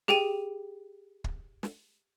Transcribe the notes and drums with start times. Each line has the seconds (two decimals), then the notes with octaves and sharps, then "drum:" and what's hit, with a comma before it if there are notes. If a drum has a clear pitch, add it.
0.08 G4 G#4 G5 D#7, drum: snare
1.24 drum: kick
1.63 drum: snare